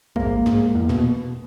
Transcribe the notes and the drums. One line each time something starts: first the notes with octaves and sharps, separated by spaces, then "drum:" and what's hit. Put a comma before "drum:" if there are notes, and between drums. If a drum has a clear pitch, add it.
G#2 A#3, drum: kick A#1
G#2, drum: snare
E2
B2, drum: snare